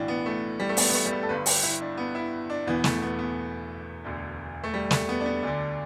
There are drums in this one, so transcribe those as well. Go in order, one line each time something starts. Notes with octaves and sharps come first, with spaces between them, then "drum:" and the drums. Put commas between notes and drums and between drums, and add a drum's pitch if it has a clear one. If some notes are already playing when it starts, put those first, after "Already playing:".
Already playing: B1 A2 E3 D4
B3
A3
G3
A3
B3, drum: open hi-hat
B3
A3
G3
A3
A4
G1 G2 D3 B4
G4, drum: open hi-hat
E4
D4
B3
E4
D4
E1 E2 E3 B3
A3, drum: snare
B3
B3
E1 D2 D3
A3
G3
A3, drum: snare
B3
D4
B3
D2 D3 D4